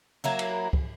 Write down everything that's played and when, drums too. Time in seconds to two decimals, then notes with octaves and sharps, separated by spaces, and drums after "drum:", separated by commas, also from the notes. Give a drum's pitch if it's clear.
0.24 F#3 A#3 E4
0.39 drum: cymbal
0.73 drum: kick C#2